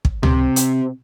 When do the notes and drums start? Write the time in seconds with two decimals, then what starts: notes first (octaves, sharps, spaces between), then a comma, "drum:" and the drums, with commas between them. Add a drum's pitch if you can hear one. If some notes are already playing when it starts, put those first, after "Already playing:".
0.05 drum: kick
0.23 C3, drum: tom C#2
0.56 drum: hi-hat